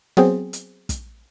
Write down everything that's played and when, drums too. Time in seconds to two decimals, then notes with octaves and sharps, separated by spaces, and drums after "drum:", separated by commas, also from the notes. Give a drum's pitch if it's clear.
0.17 F#3 B3 C4 G#4 C5, drum: snare
0.53 drum: hi-hat
0.89 drum: kick, hi-hat